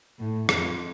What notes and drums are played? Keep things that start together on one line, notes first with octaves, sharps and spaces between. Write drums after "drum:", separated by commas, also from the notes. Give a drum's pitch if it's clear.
A2
F2, drum: rim click